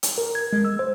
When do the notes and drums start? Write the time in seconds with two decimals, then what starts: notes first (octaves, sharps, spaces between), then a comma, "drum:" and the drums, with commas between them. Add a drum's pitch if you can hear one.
0.03 drum: hi-hat
0.18 A#4
0.35 G#6
0.53 G#3
0.65 E6
0.79 C5